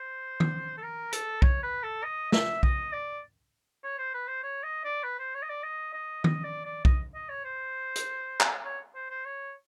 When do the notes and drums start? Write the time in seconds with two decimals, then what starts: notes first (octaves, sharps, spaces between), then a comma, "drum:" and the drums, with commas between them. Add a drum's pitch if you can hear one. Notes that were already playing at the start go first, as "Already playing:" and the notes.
Already playing: C5
0.40 drum: tom
0.77 A4
0.82 A#4
1.12 A4, drum: hi-hat
1.42 C#5, drum: kick B1
1.63 B4
1.83 A4
2.03 D#5
2.32 E5, drum: snare
2.63 D#5, drum: kick B1
2.93 D5
3.84 C#5
3.98 C5
4.14 B4
4.28 C5
4.43 C#5
4.63 D#5
4.84 D5
5.03 B4
5.19 C5
5.34 C#5
5.42 D#5
5.49 D5
5.63 D#5
5.94 D#5
6.24 D#5, drum: tom
6.44 D5
6.65 D5
6.85 D#5, drum: kick B1
7.15 D#5
7.29 C#5
7.44 C5
7.96 drum: hi-hat
8.40 drum: clap
8.65 C#5
8.95 C5
9.10 C5
9.25 C#5